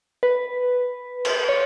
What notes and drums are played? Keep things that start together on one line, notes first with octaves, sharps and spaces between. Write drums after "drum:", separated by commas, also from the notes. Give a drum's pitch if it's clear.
B4
drum: cymbal
C#5